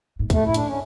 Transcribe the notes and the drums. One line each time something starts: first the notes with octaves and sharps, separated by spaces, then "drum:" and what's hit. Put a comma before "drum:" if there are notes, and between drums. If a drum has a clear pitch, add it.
G#2
A2 A3, drum: kick, hi-hat
E4
D4, drum: hi-hat
C#4